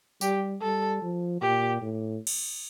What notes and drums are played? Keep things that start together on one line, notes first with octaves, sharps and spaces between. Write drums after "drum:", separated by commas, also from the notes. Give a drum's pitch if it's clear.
G3 G4, drum: tambourine
G3 A4
F3
A#2 G4
A2
drum: cymbal